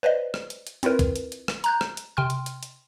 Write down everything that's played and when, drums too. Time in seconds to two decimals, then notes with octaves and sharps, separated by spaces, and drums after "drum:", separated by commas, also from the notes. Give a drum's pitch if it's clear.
0.03 B4 C5 D5 D#5
0.34 drum: rim click
0.50 drum: hi-hat
0.67 drum: hi-hat
0.83 C4 E4 F4 A#4 B4, drum: hi-hat
0.99 drum: kick, hi-hat
1.16 drum: hi-hat
1.32 drum: hi-hat
1.48 drum: rim click
1.64 A#5 F#6 G6, drum: hi-hat
1.81 drum: rim click
1.97 drum: hi-hat
2.17 C3 G5 C6 F6
2.30 drum: hi-hat
2.46 drum: hi-hat
2.63 drum: hi-hat